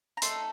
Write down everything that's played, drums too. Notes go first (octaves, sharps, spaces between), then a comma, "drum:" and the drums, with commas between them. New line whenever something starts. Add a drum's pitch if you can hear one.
A#5
A3 D#4 A4 C6, drum: hi-hat